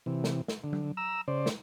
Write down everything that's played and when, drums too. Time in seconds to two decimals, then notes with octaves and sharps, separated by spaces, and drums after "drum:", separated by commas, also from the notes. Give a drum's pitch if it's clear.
0.06 C3 E3
0.24 drum: snare
0.48 drum: snare
0.64 D3
0.73 drum: tom F#3
0.97 A#5 E6
1.28 C#3 C5 D5
1.46 drum: snare